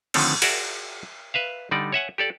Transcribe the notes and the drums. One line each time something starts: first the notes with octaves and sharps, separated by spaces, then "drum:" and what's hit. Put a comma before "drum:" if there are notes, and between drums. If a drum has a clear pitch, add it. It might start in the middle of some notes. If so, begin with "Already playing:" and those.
D3 D#3 F3 A3 C4 C#5, drum: cymbal
F#4 G#4 A#4 D5 E5 F#5, drum: cymbal
B4 E5 F5
D3 G3 D#4 D5
C#5 E5 F#5 G#5
G4 A4 D5